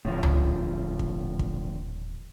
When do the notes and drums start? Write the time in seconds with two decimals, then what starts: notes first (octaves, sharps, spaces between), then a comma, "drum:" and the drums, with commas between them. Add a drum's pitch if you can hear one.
0.05 D#1 A2 D3 F3
0.23 drum: tom C#2
0.99 drum: kick
1.39 drum: kick